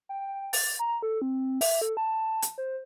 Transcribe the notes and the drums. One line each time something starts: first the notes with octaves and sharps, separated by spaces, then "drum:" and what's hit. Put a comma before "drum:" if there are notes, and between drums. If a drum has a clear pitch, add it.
G5
A6, drum: open hi-hat
A#5
A4
C4
E5, drum: open hi-hat
A4
A5
drum: hi-hat
C5